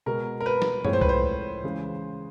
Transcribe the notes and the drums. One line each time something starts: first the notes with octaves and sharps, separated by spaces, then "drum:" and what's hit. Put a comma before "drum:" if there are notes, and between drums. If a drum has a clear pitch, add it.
B2 G#3 A#4
A#4
B4
drum: snare
A2 F3 G#3 C#5, drum: tom F#2
C5
B4, drum: kick C2
C5
C#3 E3 G#3